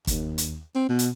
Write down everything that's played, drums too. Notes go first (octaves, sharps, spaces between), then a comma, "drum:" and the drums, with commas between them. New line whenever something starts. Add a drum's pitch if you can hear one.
D#2, drum: kick, hi-hat
drum: hi-hat
C4
B2
drum: hi-hat